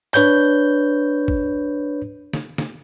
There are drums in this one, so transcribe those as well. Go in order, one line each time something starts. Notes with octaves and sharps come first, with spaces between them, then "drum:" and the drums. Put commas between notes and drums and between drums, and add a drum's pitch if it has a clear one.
D4 B4 C#5 G6, drum: clap
drum: kick G#1
drum: snare
drum: snare